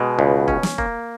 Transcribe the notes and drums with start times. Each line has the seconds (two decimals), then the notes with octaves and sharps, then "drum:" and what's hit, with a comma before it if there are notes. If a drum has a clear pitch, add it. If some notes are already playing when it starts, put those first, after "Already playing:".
Already playing: B2 G#3
0.19 C#2
0.48 C#4, drum: kick
0.63 drum: snare
0.78 A#3, drum: kick